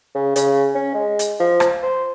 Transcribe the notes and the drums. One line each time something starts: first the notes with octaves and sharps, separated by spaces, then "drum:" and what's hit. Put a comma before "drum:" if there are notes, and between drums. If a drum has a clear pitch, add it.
C#3
C#3, drum: hi-hat
C#4
G#3
drum: hi-hat
F3
drum: rim click
C5